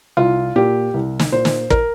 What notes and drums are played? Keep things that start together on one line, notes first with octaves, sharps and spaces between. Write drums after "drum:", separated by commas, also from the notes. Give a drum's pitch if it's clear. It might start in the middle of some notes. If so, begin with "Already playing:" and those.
C2 F4
A#2 G4
C2
drum: snare
A#2 C5
drum: snare
A#4, drum: kick